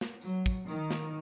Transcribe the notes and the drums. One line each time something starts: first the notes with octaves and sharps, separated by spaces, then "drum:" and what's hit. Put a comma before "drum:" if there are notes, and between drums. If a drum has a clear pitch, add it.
drum: snare
F#3, drum: tambourine
drum: kick, tambourine
D#3, drum: tambourine
drum: snare